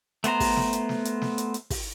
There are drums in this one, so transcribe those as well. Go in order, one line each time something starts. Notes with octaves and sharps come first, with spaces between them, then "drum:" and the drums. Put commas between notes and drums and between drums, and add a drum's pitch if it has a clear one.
A3 B3 C5 A#5, drum: hi-hat
drum: kick, open hi-hat
drum: snare
drum: hi-hat
drum: snare
drum: hi-hat
drum: snare
drum: hi-hat
drum: hi-hat
drum: kick, open hi-hat